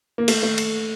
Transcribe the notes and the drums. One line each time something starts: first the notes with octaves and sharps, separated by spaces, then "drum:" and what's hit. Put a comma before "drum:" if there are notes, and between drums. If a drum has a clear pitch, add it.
A#3
A3, drum: cymbal
A3
drum: cymbal